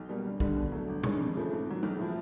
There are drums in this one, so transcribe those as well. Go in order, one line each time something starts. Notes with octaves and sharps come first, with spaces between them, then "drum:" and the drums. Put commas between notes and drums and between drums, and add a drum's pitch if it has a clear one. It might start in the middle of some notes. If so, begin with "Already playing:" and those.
Already playing: B1
B2 G3 A#3
G1
G2 D3 G3, drum: kick
B2
F#3 A3
G1
G2 D#3 G#3 C#4, drum: tom
F2
C#3 F3 A3
G#2
D#3 F#3
B1
A2 F3